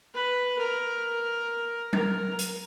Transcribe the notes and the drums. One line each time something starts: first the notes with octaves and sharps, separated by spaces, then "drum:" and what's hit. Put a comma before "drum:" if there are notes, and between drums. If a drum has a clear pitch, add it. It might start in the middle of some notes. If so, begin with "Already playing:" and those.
B4
A#4
A#4, drum: tom F#3
drum: hi-hat